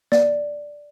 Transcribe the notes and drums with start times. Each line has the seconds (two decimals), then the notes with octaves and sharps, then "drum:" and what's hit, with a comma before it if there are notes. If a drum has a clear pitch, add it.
0.12 D5, drum: snare